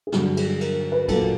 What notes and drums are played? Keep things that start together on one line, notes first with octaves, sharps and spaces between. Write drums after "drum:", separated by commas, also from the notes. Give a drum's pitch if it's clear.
G#4
G2 D3 F#3 G4, drum: snare
G#4, drum: cymbal
A#4, drum: cymbal
B4
A#2 F#3 A#3 A4, drum: kick, cymbal